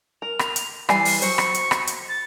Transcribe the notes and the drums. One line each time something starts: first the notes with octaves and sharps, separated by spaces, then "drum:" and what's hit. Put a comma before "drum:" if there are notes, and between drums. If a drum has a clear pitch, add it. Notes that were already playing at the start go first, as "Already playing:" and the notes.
A#4 F7
drum: rim click
drum: hi-hat
E3 G3 G#5 C7, drum: rim click
drum: open hi-hat
F#3 C5 C#6, drum: hi-hat
drum: rim click
drum: hi-hat
drum: rim click
drum: hi-hat
A6